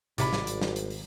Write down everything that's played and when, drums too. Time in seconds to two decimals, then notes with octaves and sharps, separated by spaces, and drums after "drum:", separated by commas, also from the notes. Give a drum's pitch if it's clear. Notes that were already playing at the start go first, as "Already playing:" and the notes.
0.18 G#1 A2 C3 D5 B5, drum: hi-hat
0.33 drum: snare
0.47 drum: hi-hat
0.62 drum: snare
0.76 drum: hi-hat
0.90 drum: open hi-hat